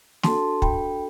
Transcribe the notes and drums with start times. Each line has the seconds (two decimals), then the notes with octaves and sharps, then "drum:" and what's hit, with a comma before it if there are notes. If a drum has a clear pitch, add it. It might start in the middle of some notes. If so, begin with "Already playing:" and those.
0.23 D4 F#4 A4 A5 C6, drum: snare
0.62 G5 B5, drum: kick